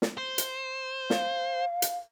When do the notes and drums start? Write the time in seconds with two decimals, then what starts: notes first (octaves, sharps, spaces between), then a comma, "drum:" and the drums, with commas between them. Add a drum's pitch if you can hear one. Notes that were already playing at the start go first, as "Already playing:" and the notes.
0.02 drum: snare
0.18 C5
0.38 drum: hi-hat
1.10 F5, drum: snare
1.82 drum: hi-hat